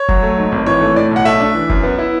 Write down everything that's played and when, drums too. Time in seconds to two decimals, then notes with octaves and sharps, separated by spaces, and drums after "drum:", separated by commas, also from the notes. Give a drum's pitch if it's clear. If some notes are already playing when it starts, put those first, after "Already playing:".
Already playing: C#5
0.09 F#3, drum: kick
0.23 A3
0.38 G#2
0.52 G#1
0.66 E3 C#5
0.81 A3
0.96 A2 D5
1.11 B1 F#5
1.25 A3 E5
1.40 D4
1.55 E3
1.70 F#2, drum: kick
1.84 B3
1.99 E4